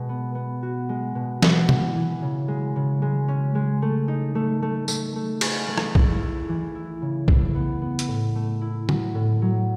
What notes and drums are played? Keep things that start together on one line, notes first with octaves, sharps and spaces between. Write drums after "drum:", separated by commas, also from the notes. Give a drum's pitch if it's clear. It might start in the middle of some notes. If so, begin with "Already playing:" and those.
Already playing: B2 G#3
B3
B3
F#4
G#3
B2
F#4, drum: snare
E3, drum: tom B2
E3
C#3
G#3
C#3
G#3
C#4
G#3
A3
D#4
A3
A3
A3, drum: tambourine
A3
G#4, drum: cymbal
A3
drum: rim click
E4, drum: kick B1
E4
E3
E4
C#3
E4, drum: kick B1
B3
B3
drum: hi-hat
A2
A3
E4
F#3, drum: tom D3
A2
F#3